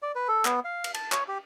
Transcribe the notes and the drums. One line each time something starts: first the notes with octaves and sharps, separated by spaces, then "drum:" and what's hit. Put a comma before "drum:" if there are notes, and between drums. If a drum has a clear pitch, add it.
D5
B4
A4
B3, drum: clap
F5
drum: cymbal
A5, drum: cymbal
C#5, drum: clap
G4